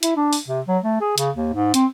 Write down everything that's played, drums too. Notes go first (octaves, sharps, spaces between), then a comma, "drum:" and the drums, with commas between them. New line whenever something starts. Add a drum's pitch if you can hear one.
E4, drum: hi-hat
D4
drum: open hi-hat
C3
F#3
A3
G#4
C#3, drum: hi-hat
D#2
G#2
C4, drum: hi-hat